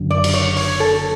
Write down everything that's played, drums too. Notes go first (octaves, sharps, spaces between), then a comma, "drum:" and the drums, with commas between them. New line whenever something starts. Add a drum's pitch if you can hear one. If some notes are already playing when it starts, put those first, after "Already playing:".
Already playing: F#1 F#2 D3 F#3
D5
drum: cymbal
C#5
C#5, drum: open hi-hat
A4